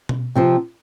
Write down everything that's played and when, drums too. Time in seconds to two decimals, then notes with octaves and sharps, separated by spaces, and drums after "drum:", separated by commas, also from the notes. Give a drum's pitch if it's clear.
0.09 drum: tom B2
0.35 C3 F3 C4